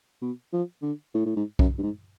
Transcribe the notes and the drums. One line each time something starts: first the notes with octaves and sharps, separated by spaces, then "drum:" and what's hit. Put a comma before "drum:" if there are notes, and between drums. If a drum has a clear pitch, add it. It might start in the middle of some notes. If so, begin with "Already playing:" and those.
B2
F3
D3
A2
A2
G#2
F#2, drum: kick B1
G2
G#2